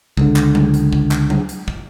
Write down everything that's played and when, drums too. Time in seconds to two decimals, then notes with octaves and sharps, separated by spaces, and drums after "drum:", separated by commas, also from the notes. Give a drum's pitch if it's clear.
0.17 C#2 D3, drum: kick
0.36 drum: clap
0.55 drum: tom F#3
0.74 drum: hi-hat
0.93 drum: kick
1.11 drum: clap
1.30 drum: tom F#3
1.49 drum: hi-hat
1.68 drum: kick